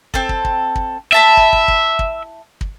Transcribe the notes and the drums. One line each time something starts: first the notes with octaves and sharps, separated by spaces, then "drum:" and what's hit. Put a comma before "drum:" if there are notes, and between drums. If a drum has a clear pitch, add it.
C4 A4, drum: kick
drum: kick
drum: kick
drum: kick
E4 E5 A5 B5
drum: kick
drum: kick
drum: kick
drum: kick
drum: kick